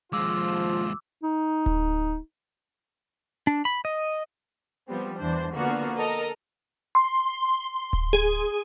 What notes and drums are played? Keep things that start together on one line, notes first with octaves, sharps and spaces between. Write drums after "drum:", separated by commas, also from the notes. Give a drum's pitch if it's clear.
D#2 F3 G#3 F4 D6 E6
D#4
drum: kick D1
D4
B5
D#5
F3 G3 B3 C4
E2 E3 D4 C5
D3 F3 A#3 B3 F#4
A4 A#4 D#5 A#5 D#6
C6
drum: kick D1
G#4